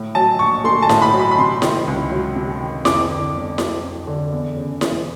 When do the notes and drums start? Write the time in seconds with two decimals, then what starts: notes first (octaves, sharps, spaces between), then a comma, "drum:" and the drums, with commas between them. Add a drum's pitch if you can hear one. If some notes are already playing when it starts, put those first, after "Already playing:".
Already playing: A2
0.15 F#3 A5
0.39 A#1 C#6
0.64 A3 C6
0.82 A5
0.89 A2, drum: snare E4
1.02 B5
1.13 F#3
1.20 B5
1.31 B5
1.38 C3 C6
1.62 D#3, drum: snare E4
1.87 C#2
2.11 F#3
2.36 C3
2.60 D#3
2.85 F2 D6, drum: snare E4
3.09 D3
3.34 G1
3.58 F#3, drum: snare E4
3.84 F2
4.07 D3
4.32 E2
4.56 C#3
4.81 E1, drum: snare E4